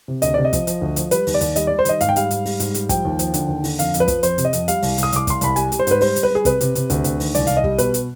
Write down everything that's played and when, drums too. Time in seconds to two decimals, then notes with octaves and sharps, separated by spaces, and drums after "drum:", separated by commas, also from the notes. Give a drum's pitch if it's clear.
0.08 C3
0.22 D2 D#5, drum: hi-hat
0.34 C3 D5
0.45 D#5
0.53 F3, drum: kick, hi-hat
0.67 F3, drum: hi-hat
0.81 D2
0.96 F3, drum: hi-hat
1.11 G3 B4, drum: hi-hat
1.27 D#2, drum: open hi-hat
1.34 D5
1.41 D#2, drum: hi-hat
1.56 G3 D#5, drum: hi-hat
1.67 G3 D5
1.79 C5
1.85 D#3 D#5, drum: hi-hat
2.01 G#2 F5, drum: hi-hat
2.09 G5
2.16 G3 F5, drum: hi-hat
2.31 G#2, drum: hi-hat
2.46 G3, drum: open hi-hat
2.60 G#2, drum: hi-hat
2.74 G3, drum: hi-hat
2.89 F3 G5, drum: kick, hi-hat
3.05 D#2
3.19 F3, drum: hi-hat
3.34 D3, drum: hi-hat
3.48 D#2
3.64 D3, drum: open hi-hat
3.79 F2 F5, drum: hi-hat
3.94 F2, drum: hi-hat
4.00 B4
4.08 F3, drum: kick, hi-hat
4.23 F2 C5, drum: hi-hat
4.38 C3, drum: hi-hat
4.45 D#5
4.53 F2, drum: hi-hat
4.68 G3 F5, drum: hi-hat
4.82 C2, drum: open hi-hat
4.98 C2, drum: hi-hat
5.03 D#6
5.12 C2 D6, drum: hi-hat
5.27 C2 C6, drum: kick, hi-hat
5.41 C2 B5, drum: hi-hat
5.56 G3 G#5, drum: hi-hat
5.72 G3, drum: hi-hat
5.79 C5
5.87 G#2 B4, drum: hi-hat
6.01 G3 C5, drum: open hi-hat
6.16 G3, drum: hi-hat
6.23 B4
6.30 G3 G#4
6.45 C3 B4, drum: kick, hi-hat
6.61 C3, drum: hi-hat
6.75 C3, drum: hi-hat
6.90 D2, drum: hi-hat
7.04 D2, drum: hi-hat
7.20 D#3, drum: open hi-hat
7.35 C2 D5, drum: hi-hat
7.47 C2 F5, drum: hi-hat
7.57 D#5
7.64 G3, drum: kick
7.78 B2 B4, drum: hi-hat
7.94 drum: hi-hat